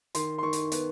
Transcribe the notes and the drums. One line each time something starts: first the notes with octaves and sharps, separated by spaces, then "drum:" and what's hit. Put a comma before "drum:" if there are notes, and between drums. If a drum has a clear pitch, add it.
D#3 C6, drum: hi-hat
C6
D#3 C#6
drum: hi-hat
B3, drum: hi-hat